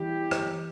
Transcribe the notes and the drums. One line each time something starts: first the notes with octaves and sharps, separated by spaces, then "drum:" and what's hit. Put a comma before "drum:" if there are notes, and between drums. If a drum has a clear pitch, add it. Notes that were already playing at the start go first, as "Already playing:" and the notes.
Already playing: E2 E3 G3 E4 G4
drum: rim click